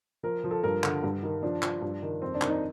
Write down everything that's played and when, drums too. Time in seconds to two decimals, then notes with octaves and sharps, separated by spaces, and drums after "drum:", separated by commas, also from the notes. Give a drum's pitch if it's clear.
0.23 F3 A#4
0.44 F3
0.51 A4
0.63 G2 A#4
0.84 D3, drum: clap
1.03 G2
1.23 D#3
1.43 F3 D4
1.62 F3, drum: clap
1.82 G2
2.02 D#3
2.22 F2 C4
2.35 D4
2.41 D#3, drum: clap
2.48 D#4